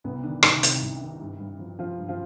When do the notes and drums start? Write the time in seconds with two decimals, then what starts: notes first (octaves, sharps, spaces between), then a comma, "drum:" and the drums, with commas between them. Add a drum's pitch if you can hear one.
0.04 C2 B3
0.23 D3 D#3 D4
0.43 C2 D#3 D#4, drum: rim click
0.63 C3, drum: hi-hat
0.81 C2
1.01 D#3
1.21 G2
1.40 G2
1.59 F3
1.79 F3 F4
1.98 G2
2.08 F3 F4